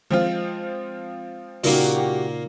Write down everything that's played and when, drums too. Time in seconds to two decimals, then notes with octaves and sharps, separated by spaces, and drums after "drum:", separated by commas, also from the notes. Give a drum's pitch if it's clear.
0.11 F3 G#3 C4 F4
1.64 A#2 C#3 A#3 D#4 F#4 G4, drum: open hi-hat